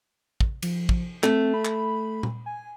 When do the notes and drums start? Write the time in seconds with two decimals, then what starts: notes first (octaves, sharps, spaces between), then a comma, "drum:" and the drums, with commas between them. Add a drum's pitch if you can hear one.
0.41 drum: kick
0.63 F3, drum: cymbal
0.89 drum: kick
1.23 A3 C4, drum: clap
1.54 B5
1.65 drum: clap
2.23 drum: tom A#2
2.46 G#5